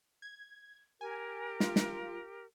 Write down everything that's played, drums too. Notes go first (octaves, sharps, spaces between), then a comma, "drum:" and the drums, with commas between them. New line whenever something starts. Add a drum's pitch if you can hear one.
G#6
G4 A#4 G#5
F4, drum: snare
drum: snare